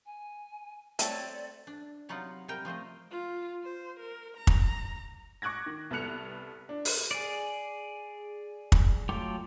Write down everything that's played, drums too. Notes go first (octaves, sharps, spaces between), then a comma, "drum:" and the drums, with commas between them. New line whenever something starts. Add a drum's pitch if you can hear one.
G#5
A3 C4 C#5 D5, drum: hi-hat
D4
C3 F#3 B3 D#4 F4 F#5
C3 G3 A#4 G5
F3 A3 C5 D#5
F4
C5
A#4
A#5
drum: kick
C#6 D6 F#6 G#6 A#6
D#3
C2 B3 A4 F#6 C#7 F7
D4
drum: open hi-hat
G#4 D5
drum: kick
F#3 A3 F4 G5 D6